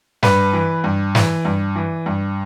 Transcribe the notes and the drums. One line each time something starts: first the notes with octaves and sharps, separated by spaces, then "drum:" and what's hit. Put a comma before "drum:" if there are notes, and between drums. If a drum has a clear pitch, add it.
G2 B4, drum: snare
E3
G2
E3, drum: snare
G2
E3
G2